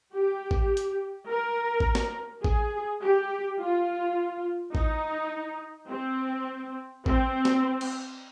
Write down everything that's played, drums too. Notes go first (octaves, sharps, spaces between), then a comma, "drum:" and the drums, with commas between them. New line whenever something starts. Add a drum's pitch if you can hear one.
G4
drum: kick A1
drum: hi-hat
A#4
drum: kick A1
drum: snare
G#4, drum: kick A1
G4
F4
D#4, drum: kick A1
C4
C4, drum: kick A1
drum: snare
drum: cymbal